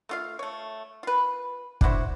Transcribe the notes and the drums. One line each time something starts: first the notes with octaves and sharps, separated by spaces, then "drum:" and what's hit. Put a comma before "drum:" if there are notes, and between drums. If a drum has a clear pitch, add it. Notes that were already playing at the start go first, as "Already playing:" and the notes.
A3 F4 F5
A3 C#5
F4 B4
D4 E4 F#4 C5, drum: kick